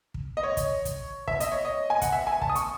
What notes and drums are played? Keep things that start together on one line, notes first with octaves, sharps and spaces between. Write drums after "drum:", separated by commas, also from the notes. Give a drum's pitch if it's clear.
drum: kick
D#5
C#5
drum: kick, hi-hat
drum: kick, hi-hat
E5, drum: kick
D#5, drum: hi-hat
C#5
D#5
G#5
F#5, drum: kick, hi-hat
E5
G#5
A5, drum: kick
D#6
C#6, drum: hi-hat